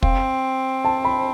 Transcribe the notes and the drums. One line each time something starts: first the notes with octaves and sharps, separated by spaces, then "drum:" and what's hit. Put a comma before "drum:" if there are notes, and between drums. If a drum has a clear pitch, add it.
C4 F5, drum: kick
A5
B5